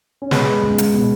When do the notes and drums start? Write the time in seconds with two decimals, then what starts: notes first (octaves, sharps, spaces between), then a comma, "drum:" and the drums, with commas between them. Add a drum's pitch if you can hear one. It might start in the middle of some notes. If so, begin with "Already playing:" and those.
0.22 C#4
0.31 B2 G#3 B3, drum: snare
0.62 C#2
0.78 drum: hi-hat
0.94 B2